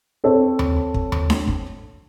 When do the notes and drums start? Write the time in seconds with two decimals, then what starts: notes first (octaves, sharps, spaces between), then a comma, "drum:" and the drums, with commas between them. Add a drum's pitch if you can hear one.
0.24 C4 A4 C5 C#5
0.59 drum: tom D#2
0.94 drum: kick
1.12 drum: tom D#2
1.30 drum: snare D4
1.47 drum: kick